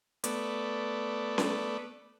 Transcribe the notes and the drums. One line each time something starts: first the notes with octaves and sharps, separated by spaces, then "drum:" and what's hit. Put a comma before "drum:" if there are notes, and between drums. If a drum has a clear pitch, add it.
A3 B3 D5, drum: hi-hat
drum: snare C#4